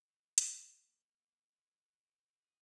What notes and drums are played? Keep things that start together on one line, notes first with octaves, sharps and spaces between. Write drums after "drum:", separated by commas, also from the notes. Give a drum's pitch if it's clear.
F#3
G#3
G#3, drum: hi-hat
A#3
C4
A#3
G#3
F#3
G#3
F#3
A#3
C4
C4
G#4